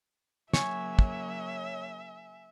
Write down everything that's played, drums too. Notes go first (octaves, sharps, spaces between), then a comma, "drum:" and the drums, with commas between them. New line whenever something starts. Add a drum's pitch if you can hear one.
C#3 F#3 A#3 C#5 E5 G#5, drum: snare
drum: kick